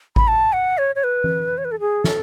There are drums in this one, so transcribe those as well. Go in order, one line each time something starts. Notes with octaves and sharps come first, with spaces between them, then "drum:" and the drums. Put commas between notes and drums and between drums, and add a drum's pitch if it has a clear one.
B5, drum: kick G#1
A5
F#5
C#5
C#5
B4
drum: tom E3
C#5
B4
A4
G#4
A4, drum: snare